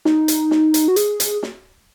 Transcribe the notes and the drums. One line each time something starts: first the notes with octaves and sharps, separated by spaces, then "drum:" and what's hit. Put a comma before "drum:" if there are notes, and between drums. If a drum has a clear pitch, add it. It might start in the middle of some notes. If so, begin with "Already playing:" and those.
D#4, drum: snare
drum: hi-hat
drum: snare
drum: hi-hat
F#4
G#4, drum: hi-hat
drum: hi-hat
drum: snare